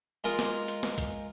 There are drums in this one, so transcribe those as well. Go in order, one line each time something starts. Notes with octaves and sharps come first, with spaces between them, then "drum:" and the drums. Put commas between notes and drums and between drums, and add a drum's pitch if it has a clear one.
G#3 F4 A#4
drum: snare
drum: hi-hat
drum: snare
drum: kick, hi-hat